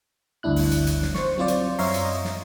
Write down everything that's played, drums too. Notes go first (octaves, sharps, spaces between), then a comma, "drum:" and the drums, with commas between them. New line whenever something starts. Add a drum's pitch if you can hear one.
G1 D2 G2 D4 E4 F#6
drum: open hi-hat
drum: hi-hat
drum: hi-hat
drum: snare
C5 C#6, drum: snare
F#3 C4 F4 C5 D5
drum: hi-hat
F#2 C#5 E5 F5 A#5 C6, drum: open hi-hat
drum: hi-hat
D#5
drum: snare